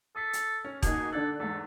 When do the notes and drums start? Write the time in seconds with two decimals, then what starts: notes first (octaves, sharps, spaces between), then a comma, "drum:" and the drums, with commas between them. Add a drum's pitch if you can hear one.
0.16 A4 D#6 B6
0.33 drum: hi-hat
0.65 C#4
0.83 B2 A#3 D#4 G#4, drum: kick E1, hi-hat
1.13 D3 D4 A4 F#6
1.40 E2 G#2 A4